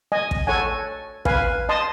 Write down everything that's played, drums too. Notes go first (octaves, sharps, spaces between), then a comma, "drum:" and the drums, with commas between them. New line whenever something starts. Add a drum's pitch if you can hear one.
D#5 G#5
drum: kick
A4 C#5 F#5 G#5
B4 F5 G#5, drum: kick
D#5 A5 C6 D#6